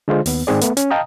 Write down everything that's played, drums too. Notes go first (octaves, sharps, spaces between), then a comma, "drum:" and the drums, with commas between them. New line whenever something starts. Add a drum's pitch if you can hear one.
D3 G#3 F4 C5
D#2 B3, drum: open hi-hat
G#2 D#3 C4 G#4 D5
A3 B3, drum: hi-hat
C#4, drum: hi-hat
D#5 F5 G5 A5 A#5 D#6